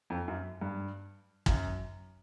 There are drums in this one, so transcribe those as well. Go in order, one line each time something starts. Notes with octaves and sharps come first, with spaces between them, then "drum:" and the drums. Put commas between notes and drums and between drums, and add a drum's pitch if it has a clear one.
F2
F#2
G2
F#2, drum: kick